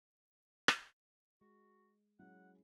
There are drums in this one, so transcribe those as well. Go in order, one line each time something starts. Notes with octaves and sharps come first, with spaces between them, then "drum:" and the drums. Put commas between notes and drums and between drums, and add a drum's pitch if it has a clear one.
drum: rim click
G#3 F#4
F#3 G#3 C#4 E4 F#5